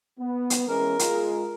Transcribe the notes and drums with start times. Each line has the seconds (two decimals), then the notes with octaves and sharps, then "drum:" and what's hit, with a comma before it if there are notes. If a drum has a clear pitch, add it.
0.19 B3
0.50 drum: hi-hat
0.68 E3 G#3 C#4 A#4
0.99 G#3 F4, drum: hi-hat